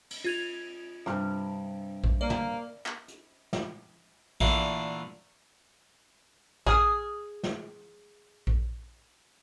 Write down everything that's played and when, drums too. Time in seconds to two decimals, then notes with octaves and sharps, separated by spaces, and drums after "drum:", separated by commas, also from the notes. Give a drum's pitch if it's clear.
0.11 drum: cymbal
0.24 F4 G#6 F7
1.06 G2 C3, drum: rim click
2.04 drum: kick A#1
2.21 A#3 D5
2.30 drum: tom
2.86 drum: clap
3.08 drum: hi-hat
3.53 drum: snare
4.41 A#2 D3 E3 A3 D4, drum: kick A#1
6.66 G#4 D#6 F6, drum: kick A#1
7.43 drum: snare
8.47 drum: kick A#1